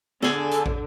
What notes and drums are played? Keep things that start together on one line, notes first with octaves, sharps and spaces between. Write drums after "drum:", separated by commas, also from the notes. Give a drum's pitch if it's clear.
D3 G#4 A4, drum: snare
drum: hi-hat
drum: kick